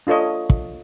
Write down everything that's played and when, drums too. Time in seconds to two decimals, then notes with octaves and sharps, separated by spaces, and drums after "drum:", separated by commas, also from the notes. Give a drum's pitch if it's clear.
0.07 D4 F4 A4 C#5 D#5
0.50 drum: kick